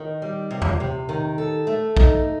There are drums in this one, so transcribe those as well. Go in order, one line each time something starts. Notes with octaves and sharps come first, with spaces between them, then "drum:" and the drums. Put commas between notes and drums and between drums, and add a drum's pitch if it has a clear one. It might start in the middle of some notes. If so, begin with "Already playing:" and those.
Already playing: D#3
G3
C3
drum: tom E2
C3
D#3
A4
A3
D#4, drum: kick